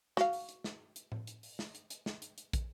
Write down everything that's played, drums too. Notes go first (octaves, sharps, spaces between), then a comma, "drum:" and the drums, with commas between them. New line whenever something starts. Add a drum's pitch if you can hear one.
F#4 F5, drum: snare
drum: open hi-hat
drum: hi-hat
drum: snare
drum: hi-hat
drum: tom A2
drum: hi-hat
drum: open hi-hat
drum: snare
drum: hi-hat
drum: hi-hat
drum: snare
drum: hi-hat
drum: hi-hat
drum: kick, hi-hat